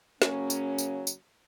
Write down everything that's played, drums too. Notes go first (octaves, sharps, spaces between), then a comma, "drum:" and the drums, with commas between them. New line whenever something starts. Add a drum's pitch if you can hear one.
C#3 F#3 A#3 C#4, drum: snare
drum: tambourine
drum: tambourine
drum: tambourine